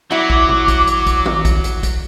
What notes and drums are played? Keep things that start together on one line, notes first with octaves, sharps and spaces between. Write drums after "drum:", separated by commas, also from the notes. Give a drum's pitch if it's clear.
F#3 E4 F#4 D6
drum: kick
drum: tom B2
drum: kick, hi-hat
drum: hi-hat
drum: kick, hi-hat
drum: tom
drum: kick, hi-hat
drum: hi-hat
drum: kick, hi-hat